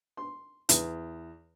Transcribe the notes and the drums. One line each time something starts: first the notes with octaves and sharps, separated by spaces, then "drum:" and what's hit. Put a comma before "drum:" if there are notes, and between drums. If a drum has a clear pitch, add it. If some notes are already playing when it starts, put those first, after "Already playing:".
C6
E2, drum: hi-hat